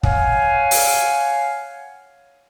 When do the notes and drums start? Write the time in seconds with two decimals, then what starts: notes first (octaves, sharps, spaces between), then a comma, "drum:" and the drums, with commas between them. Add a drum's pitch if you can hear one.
0.03 C#5 F5 F#5 G#5, drum: kick
0.71 drum: open hi-hat